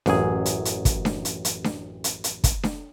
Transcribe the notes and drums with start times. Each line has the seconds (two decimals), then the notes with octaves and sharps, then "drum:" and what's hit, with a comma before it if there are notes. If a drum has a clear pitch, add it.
0.06 A1 F#2 G#4, drum: snare D4
0.46 drum: hi-hat
0.65 drum: hi-hat
0.85 drum: kick, hi-hat
1.05 drum: snare D4
1.25 drum: hi-hat
1.45 drum: hi-hat
1.64 drum: snare D4
2.04 drum: hi-hat
2.24 drum: hi-hat
2.44 drum: kick, hi-hat
2.63 drum: snare D4